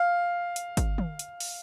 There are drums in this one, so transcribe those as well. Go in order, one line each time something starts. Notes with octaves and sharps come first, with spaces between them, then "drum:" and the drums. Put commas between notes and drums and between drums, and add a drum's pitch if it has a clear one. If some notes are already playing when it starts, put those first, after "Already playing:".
Already playing: F5
drum: hi-hat
drum: kick, hi-hat
drum: tom
drum: hi-hat
drum: open hi-hat